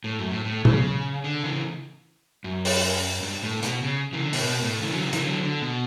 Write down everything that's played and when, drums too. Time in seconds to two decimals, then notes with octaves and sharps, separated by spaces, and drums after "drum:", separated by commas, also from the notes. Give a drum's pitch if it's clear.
0.04 A2
0.19 F#2
0.31 A2
0.45 A2
0.65 C#3, drum: tom A#2
1.24 D3
1.43 C#3 E3
2.44 F#2
2.65 drum: open hi-hat
3.23 G2
3.43 A2
3.63 B2, drum: hi-hat
3.83 C#3
4.13 C#3 E3
4.22 D3
4.33 B2, drum: open hi-hat
4.43 B2
4.62 A2
4.82 C#3 E3
4.92 D3 F#3
5.03 C#3 E3
5.13 C#3 E3, drum: hi-hat
5.22 D3 F#3
5.43 D3
5.62 B2